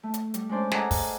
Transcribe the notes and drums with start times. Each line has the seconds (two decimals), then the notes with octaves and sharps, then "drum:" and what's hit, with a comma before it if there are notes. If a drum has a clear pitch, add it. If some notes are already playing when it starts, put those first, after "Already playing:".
0.03 A3
0.14 drum: hi-hat
0.34 G3, drum: hi-hat
0.49 G#3 C#4 D4 C5 D5
0.71 G#4 A4 D5 D#5 F#5 A#5, drum: snare
0.91 drum: kick, open hi-hat